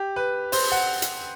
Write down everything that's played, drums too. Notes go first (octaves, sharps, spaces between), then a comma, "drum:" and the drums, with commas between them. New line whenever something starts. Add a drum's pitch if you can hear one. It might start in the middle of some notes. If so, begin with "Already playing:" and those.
Already playing: G4
B4
C5, drum: open hi-hat
F#5
drum: hi-hat